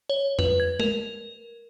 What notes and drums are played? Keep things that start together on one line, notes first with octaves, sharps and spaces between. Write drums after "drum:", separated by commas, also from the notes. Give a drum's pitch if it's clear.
C#5
B4, drum: tom F2
G#6
A#4, drum: tom